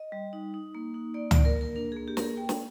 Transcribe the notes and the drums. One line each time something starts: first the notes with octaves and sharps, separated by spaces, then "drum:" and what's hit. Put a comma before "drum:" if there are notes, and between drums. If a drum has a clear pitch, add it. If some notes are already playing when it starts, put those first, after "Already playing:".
Already playing: D#5
G3
D#4
D#4
A#3
D#4
A#3 D5
D5, drum: tom C#2
A#3
A#4
A#3
A#4
D4 A#4
G#4
A#3
G4
A#3 A#4, drum: snare
G#4
A#3 G5
drum: snare